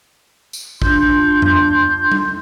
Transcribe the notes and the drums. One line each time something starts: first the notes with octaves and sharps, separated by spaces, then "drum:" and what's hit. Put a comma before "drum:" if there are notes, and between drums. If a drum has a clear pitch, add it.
drum: tambourine
D4 F4 C6 G6, drum: kick
drum: tom F2
drum: tom G3